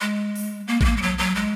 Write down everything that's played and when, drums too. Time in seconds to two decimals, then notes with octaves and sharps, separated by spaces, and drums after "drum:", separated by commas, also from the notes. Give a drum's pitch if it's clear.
0.01 G#3
0.36 drum: open hi-hat
0.67 A#3
0.81 G#3, drum: kick A1
0.84 A#3
0.97 G#3
1.02 F#3
1.18 F#3
1.35 G#3